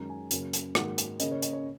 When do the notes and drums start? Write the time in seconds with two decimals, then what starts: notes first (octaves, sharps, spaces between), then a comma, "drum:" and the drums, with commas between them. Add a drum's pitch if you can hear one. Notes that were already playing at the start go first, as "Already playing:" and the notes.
Already playing: F#2 D#3 G#3 C#4 A#5
0.09 G#5
0.31 F#2 C#3 A#3, drum: hi-hat
0.53 drum: hi-hat
0.75 G#2 D#3 F#3 A#3 F#5, drum: rim click
0.98 drum: hi-hat
1.20 C#3 A#3 C#4 D#5, drum: hi-hat
1.31 C#5
1.42 D#5, drum: hi-hat
1.53 C#5